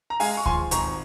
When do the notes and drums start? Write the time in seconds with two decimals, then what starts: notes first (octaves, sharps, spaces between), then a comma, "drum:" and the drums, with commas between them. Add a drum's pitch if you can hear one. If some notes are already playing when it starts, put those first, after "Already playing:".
0.10 A#5
0.20 G#3 F5 G#5, drum: open hi-hat
0.37 C#6
0.46 F3 G#5 C6, drum: kick D2
0.71 G#1 A#5 C#6, drum: hi-hat